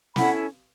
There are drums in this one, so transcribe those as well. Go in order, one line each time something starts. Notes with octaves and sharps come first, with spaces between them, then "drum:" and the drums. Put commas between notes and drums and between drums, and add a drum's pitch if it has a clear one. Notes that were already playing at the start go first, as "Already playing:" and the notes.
C#4 E4 A4 F#5 B5, drum: snare